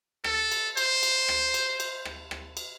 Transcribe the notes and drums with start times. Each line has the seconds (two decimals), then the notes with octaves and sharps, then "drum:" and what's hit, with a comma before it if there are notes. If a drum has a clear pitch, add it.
0.24 A4, drum: rim click
0.52 drum: cymbal
0.77 C5, drum: cymbal
1.03 drum: cymbal
1.28 drum: rim click
1.54 drum: cymbal
1.80 drum: cymbal
2.05 drum: rim click
2.31 drum: rim click
2.57 drum: cymbal